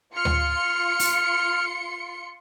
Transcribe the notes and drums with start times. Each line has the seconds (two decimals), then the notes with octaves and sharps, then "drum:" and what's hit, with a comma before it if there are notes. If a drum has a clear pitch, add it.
0.16 F4 C6 F6 C#7
0.25 drum: tom D2
1.00 drum: open hi-hat